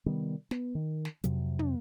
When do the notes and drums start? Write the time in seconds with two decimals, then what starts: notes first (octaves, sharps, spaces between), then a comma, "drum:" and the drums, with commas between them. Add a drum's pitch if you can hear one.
0.06 C3 D#3 G3 B3
0.51 B3, drum: snare
0.75 D#3
1.05 drum: snare
1.24 F2 C3 F#3, drum: hi-hat
1.59 drum: tom